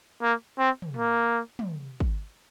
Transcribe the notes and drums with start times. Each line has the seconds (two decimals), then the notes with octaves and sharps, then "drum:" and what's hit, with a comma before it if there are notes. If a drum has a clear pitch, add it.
0.22 A#3
0.58 C4
0.82 drum: tom
0.96 A#3
1.59 drum: tom
2.00 drum: kick